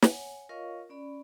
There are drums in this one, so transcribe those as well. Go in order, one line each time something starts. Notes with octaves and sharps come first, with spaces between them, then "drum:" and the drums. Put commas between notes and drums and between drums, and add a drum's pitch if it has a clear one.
C#5 F#5 G#5, drum: snare
F4 A#4 C#5 D#5 F5 C#6
C#4 D5 B5